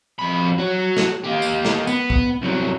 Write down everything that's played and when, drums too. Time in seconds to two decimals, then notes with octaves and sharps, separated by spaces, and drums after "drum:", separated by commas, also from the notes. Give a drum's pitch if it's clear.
0.19 F2 B5
0.58 F#4 C#5
0.97 drum: snare
1.24 A#3 G4
1.42 drum: tambourine
1.65 drum: snare
1.87 B3, drum: tambourine
2.10 drum: kick
2.42 C2 F#3